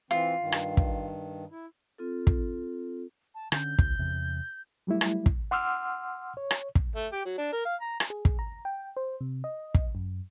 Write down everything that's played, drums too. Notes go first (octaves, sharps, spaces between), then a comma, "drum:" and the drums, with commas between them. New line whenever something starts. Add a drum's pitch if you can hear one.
E3 C4 F4
G2 D#3
drum: rim click
drum: kick
E4
C4 F4 A4
drum: kick
A5
D3 C#4 G6, drum: rim click
C#2, drum: kick
E2 C3
F#3 G3 A3 E4
drum: rim click
drum: kick
F#5 C6 D6 E6 F6
C#5
drum: rim click
drum: kick
A3
G4
F#3
D4
A#4
F5
A#5
drum: rim click
G#4
drum: kick
A#5
G5
C5
C3
D#5
drum: kick
F#2